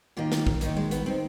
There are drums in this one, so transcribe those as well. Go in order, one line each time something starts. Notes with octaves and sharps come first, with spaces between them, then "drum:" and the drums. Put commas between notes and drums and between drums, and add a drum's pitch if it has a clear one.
D#2 D#3 F4
drum: snare
drum: kick
D#2 D#3 D#4, drum: hi-hat
G#3
B3, drum: hi-hat
D#3 C4